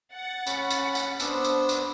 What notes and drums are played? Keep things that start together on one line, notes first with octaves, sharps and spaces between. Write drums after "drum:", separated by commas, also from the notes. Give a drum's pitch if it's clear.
F#5 A6
C#4 B5, drum: tambourine
drum: tambourine
drum: tambourine
B3 D4 C5 E6, drum: tambourine
drum: tambourine
drum: tambourine